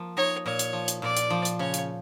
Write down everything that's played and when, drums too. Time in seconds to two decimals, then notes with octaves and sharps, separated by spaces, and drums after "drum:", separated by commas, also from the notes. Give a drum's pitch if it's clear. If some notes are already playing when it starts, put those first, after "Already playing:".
Already playing: F3 A#3
0.17 D#4 C#5
0.46 A#2 C#5
0.59 drum: hi-hat
0.73 F3
0.88 drum: hi-hat
1.02 A#2 D5
1.17 drum: hi-hat
1.30 F3
1.45 drum: hi-hat
1.59 C#3 C#5
1.74 drum: hi-hat